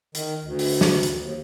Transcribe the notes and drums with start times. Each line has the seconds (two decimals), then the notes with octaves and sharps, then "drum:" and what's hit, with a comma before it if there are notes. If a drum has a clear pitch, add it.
0.15 D#3, drum: hi-hat
0.44 D2
0.59 drum: open hi-hat
0.81 drum: snare
1.03 drum: hi-hat
1.19 D#2